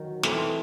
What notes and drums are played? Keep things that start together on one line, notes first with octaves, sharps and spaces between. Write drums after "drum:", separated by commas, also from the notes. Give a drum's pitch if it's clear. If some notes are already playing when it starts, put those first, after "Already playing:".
Already playing: D#3 F#3
E3 A3 C4, drum: snare